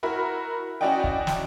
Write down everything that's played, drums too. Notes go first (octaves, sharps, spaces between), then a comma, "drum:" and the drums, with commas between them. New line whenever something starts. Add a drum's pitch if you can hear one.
E4 F#4 A#4 B5
C#4 E4 F#4 D5 D#5 G5
drum: kick
drum: snare